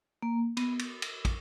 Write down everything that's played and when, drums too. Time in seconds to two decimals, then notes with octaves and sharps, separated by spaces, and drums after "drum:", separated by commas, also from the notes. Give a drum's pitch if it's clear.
0.22 A#3
0.57 B3, drum: cymbal
0.79 drum: cymbal
1.02 drum: cymbal
1.25 drum: kick, cymbal